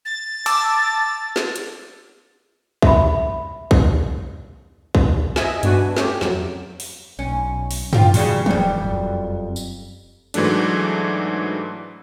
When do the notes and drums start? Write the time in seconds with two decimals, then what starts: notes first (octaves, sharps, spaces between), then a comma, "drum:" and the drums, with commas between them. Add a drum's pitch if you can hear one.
0.05 A6
0.46 A5 D6 E6, drum: cymbal
1.36 drum: snare
1.56 drum: hi-hat
2.82 E5 B5, drum: kick
3.71 drum: kick
4.95 drum: kick
5.36 D#5 E5 G#5, drum: snare
5.63 G2 B3 D4 F#4 B4 G#5, drum: hi-hat
5.97 A3 C#4 G4, drum: snare
6.21 F2 F#3, drum: snare
6.80 drum: open hi-hat
7.19 B1 C#4
7.71 drum: open hi-hat
7.93 F4 G4, drum: tom
8.14 E2 G#2 C#3 E3 F#3 G3, drum: open hi-hat
8.46 D#1 F2 G3, drum: tom
8.82 F1 F#2
9.56 drum: tambourine
10.34 G#2 E3 F#3 A3 D4, drum: hi-hat